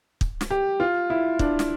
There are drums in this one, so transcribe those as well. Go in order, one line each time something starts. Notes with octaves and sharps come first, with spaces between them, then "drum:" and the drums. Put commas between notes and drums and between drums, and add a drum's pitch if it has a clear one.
drum: kick
drum: snare
G4
F4
E4
D4, drum: kick
drum: snare